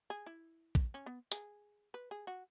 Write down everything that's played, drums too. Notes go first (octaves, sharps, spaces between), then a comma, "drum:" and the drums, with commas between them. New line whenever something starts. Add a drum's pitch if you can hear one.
G#4
E4
drum: kick A#1
C#4
B3
G#4, drum: hi-hat
B4
G#4
F#4